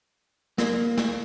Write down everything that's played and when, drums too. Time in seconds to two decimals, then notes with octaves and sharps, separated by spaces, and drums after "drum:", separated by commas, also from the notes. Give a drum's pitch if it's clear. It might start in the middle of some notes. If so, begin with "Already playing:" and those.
0.58 A#3, drum: snare
0.97 drum: snare